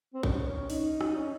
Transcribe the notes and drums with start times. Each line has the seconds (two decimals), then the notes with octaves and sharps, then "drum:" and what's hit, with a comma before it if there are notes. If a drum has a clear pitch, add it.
0.14 C4
0.23 C#4, drum: kick
0.47 C#4
0.70 D#4, drum: open hi-hat
1.01 drum: rim click
1.16 C#4